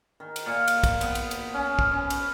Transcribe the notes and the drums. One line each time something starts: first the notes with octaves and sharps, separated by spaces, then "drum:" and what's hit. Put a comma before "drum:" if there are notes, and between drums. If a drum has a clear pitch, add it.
D#3
drum: cymbal
A#2
drum: cymbal
drum: kick, cymbal
B3, drum: cymbal
drum: cymbal
drum: cymbal
C#4
drum: kick
C#4
drum: cymbal